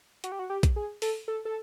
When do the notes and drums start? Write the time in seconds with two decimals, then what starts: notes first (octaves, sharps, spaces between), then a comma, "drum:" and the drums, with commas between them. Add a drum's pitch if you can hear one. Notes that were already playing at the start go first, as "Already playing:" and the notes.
0.24 F#4, drum: hi-hat
0.32 G4
0.39 F#4
0.50 G4
0.63 drum: kick A#1, hi-hat
0.76 G#4
1.02 A4, drum: open hi-hat
1.28 A4
1.45 A4